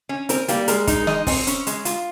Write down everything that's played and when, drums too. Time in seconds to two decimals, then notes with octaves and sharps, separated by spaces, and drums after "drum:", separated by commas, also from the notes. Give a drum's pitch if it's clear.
0.09 C#4
0.29 C4 A#4, drum: hi-hat
0.48 G3 A#3, drum: hi-hat
0.68 G#3 A#4, drum: hi-hat
0.87 D#4, drum: kick, hi-hat
1.07 D#5, drum: snare
1.27 C4, drum: kick, open hi-hat
1.47 C#4, drum: hi-hat
1.67 G#3, drum: hi-hat
1.85 F4, drum: hi-hat